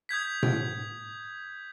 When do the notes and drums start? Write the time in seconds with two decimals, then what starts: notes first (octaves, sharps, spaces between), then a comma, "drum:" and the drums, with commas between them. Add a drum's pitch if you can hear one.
0.09 D#6 G6 G#6 B6
0.43 drum: tom A2